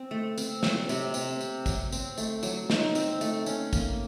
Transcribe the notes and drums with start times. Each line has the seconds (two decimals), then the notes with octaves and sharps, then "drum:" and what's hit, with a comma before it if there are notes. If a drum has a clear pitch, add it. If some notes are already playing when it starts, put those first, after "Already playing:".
Already playing: C4
0.11 A3
0.38 C4, drum: tambourine
0.63 F#3, drum: snare
0.89 C3, drum: tambourine
1.14 C3, drum: tambourine
1.41 C4, drum: tambourine
1.66 F#3, drum: kick A1, tambourine
1.92 C4, drum: tambourine
2.18 A3, drum: tambourine
2.43 F#3, drum: tambourine
2.70 D#4, drum: snare
2.95 C4, drum: tambourine
3.21 A3, drum: tambourine
3.46 C#4, drum: tambourine
3.73 A#3, drum: kick A1, tambourine